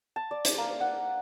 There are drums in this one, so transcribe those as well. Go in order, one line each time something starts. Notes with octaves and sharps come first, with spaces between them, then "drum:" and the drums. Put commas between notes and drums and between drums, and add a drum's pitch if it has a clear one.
A5
D5
D5, drum: hi-hat
A#3
F#5